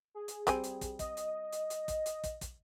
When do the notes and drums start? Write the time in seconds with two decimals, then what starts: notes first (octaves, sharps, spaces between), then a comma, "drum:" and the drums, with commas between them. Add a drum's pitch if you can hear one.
0.15 G#4
0.28 drum: hi-hat
0.47 G3 C4 G#5, drum: kick, hi-hat
0.64 drum: hi-hat
0.81 drum: kick, hi-hat
0.99 D#5, drum: kick, hi-hat
1.17 drum: hi-hat
1.52 drum: hi-hat
1.70 drum: hi-hat
1.88 drum: kick, hi-hat
2.06 drum: hi-hat
2.24 drum: kick, hi-hat
2.41 drum: kick, hi-hat